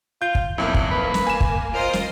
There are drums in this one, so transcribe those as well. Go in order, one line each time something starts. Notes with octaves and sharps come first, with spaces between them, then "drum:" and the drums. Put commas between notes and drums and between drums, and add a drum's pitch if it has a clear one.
F4 G6
drum: kick
B1 F2 A#3 E4
drum: kick
B4
drum: snare
G#5 E7
drum: kick
F4 A#4 C5 D#5
drum: snare